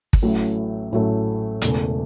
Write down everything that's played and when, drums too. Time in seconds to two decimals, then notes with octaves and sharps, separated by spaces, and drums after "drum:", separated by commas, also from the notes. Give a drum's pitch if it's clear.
0.13 drum: kick
0.22 A1 A2 F#3 A3 C#4
0.92 A1 A2 F#3 A3 C#4
1.61 E1 E2 C#3 A3, drum: hi-hat